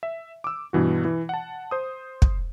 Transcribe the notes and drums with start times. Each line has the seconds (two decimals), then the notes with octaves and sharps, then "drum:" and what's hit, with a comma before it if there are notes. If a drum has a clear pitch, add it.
0.03 E5
0.44 D6 E6
0.73 G2 B2 E3 F#4
1.05 E3
1.29 F#5 A5
1.71 C5 D#6
2.22 drum: kick